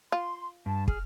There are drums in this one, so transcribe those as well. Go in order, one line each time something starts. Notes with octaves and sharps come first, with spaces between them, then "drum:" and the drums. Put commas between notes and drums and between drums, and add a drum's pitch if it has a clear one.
F4 C6
G2 A5
G#4 F6, drum: kick